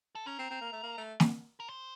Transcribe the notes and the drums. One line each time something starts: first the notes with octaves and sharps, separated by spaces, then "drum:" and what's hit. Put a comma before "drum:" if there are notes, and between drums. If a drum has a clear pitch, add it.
A4
C#4 A#4
C4
C4
A#3
A3
A#3
A3
drum: snare
A#4
C5